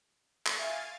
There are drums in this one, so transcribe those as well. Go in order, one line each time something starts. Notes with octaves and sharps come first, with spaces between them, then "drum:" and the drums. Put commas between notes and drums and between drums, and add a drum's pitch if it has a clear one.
drum: clap
E5 F5 G#5 C#6 A6